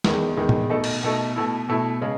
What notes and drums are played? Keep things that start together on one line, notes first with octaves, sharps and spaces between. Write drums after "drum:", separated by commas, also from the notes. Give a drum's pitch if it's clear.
E2 D#3 G#3, drum: snare
E2 D#3 G#3
drum: tom A2
B2 A3 D#4 A4
drum: cymbal
B2 A3 D#4 A4
B2 A3 E4
B2 A3 E4
C#3 G#3